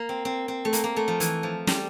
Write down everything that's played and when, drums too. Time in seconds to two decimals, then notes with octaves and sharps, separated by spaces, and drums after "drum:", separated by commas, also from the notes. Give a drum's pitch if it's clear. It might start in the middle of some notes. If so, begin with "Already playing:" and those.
Already playing: A#3
0.09 C4
0.25 C4
0.48 C4
0.65 A3
0.73 A#3, drum: hi-hat
0.84 A#3
0.96 A3
1.08 F3
1.20 E3, drum: hi-hat
1.43 F3
1.67 G3, drum: snare